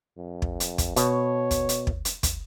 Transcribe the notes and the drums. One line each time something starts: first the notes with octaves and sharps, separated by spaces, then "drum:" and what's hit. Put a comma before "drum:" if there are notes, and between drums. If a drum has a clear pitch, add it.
F2
drum: kick
drum: hi-hat
drum: kick, hi-hat
B2 C#5, drum: hi-hat
drum: kick, hi-hat
drum: hi-hat
drum: kick
drum: hi-hat
drum: kick, hi-hat